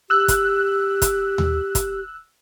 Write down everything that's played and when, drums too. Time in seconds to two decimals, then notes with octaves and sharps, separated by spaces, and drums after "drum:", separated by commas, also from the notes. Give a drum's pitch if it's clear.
0.10 G4 E6 F#6
0.28 drum: kick, hi-hat
1.02 drum: kick, hi-hat
1.38 drum: tom D#2
1.75 drum: kick, hi-hat